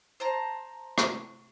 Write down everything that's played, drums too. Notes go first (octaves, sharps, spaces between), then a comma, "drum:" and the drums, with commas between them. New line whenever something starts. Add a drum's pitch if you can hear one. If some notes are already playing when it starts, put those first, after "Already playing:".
C5 A5 A#5
drum: rim click